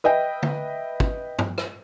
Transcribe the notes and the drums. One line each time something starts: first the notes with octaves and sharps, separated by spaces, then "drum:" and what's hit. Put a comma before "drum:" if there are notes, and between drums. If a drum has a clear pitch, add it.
B4 D#5 E5 G5
drum: tom
drum: kick
drum: tom G2
drum: rim click